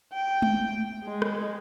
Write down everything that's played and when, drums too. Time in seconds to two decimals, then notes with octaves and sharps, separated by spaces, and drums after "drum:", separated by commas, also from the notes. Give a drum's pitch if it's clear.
0.13 G5
0.42 drum: tom G#3
1.05 G#3
1.22 drum: rim click